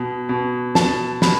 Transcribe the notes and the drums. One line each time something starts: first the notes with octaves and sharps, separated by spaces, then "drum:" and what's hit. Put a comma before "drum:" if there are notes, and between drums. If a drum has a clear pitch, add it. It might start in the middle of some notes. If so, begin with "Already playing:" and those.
Already playing: B2
B2
B2 A5, drum: snare
B2 B5, drum: snare